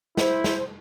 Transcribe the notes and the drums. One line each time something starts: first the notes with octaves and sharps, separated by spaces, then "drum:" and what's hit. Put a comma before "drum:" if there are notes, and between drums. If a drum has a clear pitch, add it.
E4 C5, drum: snare
drum: snare